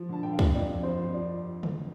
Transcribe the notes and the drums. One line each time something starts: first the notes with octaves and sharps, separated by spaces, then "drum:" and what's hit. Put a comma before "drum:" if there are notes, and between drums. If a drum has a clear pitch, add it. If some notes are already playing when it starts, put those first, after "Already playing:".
Already playing: F3
D3 A5
D3 G5
F5
F3 D#5, drum: kick C#2
F2 D5
F2
F3 C5
F2
F3 D5
drum: tom C#3